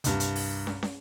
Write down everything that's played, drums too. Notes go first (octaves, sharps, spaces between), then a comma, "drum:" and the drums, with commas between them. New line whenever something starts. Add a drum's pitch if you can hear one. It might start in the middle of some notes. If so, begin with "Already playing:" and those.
C2 G2, drum: hi-hat
drum: hi-hat
drum: open hi-hat
drum: snare
drum: snare